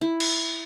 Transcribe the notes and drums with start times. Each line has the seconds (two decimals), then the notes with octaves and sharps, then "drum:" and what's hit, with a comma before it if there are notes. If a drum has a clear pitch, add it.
0.01 E4
0.20 drum: cymbal